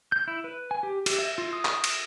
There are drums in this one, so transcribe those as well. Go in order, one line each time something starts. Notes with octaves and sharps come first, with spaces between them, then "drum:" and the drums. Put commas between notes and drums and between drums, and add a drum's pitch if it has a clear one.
G6
E4
B4
G#5
G4
G4, drum: cymbal
E5
F4
D#6
drum: clap
drum: cymbal